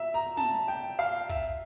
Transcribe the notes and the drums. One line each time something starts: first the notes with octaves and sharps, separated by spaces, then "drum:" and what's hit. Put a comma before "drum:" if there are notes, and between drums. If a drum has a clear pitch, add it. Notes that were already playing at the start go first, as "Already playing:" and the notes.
Already playing: E5
A#5
A5, drum: snare
G5
F5
E5, drum: kick